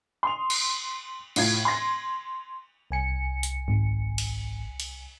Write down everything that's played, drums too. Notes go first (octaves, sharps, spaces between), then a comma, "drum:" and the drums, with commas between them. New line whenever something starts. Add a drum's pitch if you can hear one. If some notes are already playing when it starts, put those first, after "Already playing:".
C6 D#6 F7
drum: cymbal
A2 F4 F5 G#6, drum: cymbal
C6 A#6
C2 G#5 C#7
drum: hi-hat
G#1
drum: cymbal
drum: cymbal